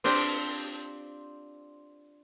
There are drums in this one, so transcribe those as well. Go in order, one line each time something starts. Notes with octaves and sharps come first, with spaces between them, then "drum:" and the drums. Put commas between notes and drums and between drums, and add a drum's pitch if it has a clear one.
C4 D4 F4 G4 C5, drum: open hi-hat